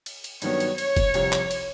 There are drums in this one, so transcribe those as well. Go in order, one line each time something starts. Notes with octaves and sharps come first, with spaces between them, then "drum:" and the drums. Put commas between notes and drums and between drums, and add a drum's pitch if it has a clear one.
drum: cymbal
drum: cymbal
G2 D#3 F#3 B3 C#5, drum: cymbal
drum: cymbal
C#5, drum: cymbal
drum: kick F#1, cymbal
C2 C3 F3, drum: cymbal
drum: clap
drum: cymbal